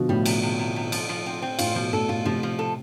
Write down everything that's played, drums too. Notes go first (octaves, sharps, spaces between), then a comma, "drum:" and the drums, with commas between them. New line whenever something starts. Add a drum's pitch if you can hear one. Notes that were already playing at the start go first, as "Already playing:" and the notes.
Already playing: B2 D3 F3
A2 G3
C3, drum: cymbal
C3
C3
C3
F3, drum: cymbal
F3
C4
C4
A2 F4, drum: cymbal
B2 F3
A2 A4
A2 F4
A2 C3 F3
F3
A4